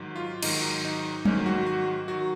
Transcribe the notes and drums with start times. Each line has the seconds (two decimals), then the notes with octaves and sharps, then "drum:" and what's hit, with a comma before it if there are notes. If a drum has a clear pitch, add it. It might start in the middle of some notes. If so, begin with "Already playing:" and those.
Already playing: G#2 D#3 F#3
0.16 F4
0.43 G#2 D#3 F#3 D#4, drum: cymbal
0.85 D#4
1.25 G#2 D#3 F#3 C#4, drum: tom
1.46 F#4
1.66 F#4
2.08 D#3 F#3 F#4